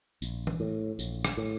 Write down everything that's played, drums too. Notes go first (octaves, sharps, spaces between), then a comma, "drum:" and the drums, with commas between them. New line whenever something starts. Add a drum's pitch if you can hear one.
A#1, drum: tambourine
drum: tom E3
A2
A#1, drum: tambourine
drum: rim click
A2